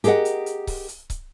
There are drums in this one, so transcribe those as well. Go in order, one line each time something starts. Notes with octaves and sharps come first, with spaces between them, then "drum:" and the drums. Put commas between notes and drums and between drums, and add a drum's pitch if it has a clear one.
G4 G#4 A#4 B4 D#5 F#5, drum: hi-hat
drum: hi-hat
drum: hi-hat
drum: kick C#1, open hi-hat
drum: hi-hat
drum: kick C#1, hi-hat